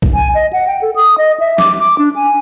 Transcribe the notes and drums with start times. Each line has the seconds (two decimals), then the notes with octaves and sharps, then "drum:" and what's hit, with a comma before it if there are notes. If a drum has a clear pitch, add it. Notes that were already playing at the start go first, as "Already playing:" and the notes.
0.02 drum: kick
0.14 G#5
0.35 D#5
0.53 F#5
0.67 G5
0.82 A4
0.96 D#6
1.18 D#5
1.40 E5
1.58 D6, drum: snare
1.79 D6
1.98 D4
2.16 G#5